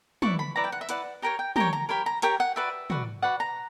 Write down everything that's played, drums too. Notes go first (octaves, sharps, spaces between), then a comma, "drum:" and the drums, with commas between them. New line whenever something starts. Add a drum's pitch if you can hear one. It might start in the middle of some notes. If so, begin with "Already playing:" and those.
E4 B4 D5 C#6, drum: tom
B5
E4 B4 D5 A#5
G5
F#5
E5
E4 B4 D5 F#5, drum: hi-hat
G4 A#4 C#5 A#5
G5
G4 A#4 C#5 A#5, drum: tom
A#5
G4 A#4 C#5 B5
A#5
G4 A#4 C#5 G5, drum: hi-hat
F#5
F#4 B4 D5 E5
F#4 B4 D5, drum: tom
F#4 B4 D5 F#5
A#5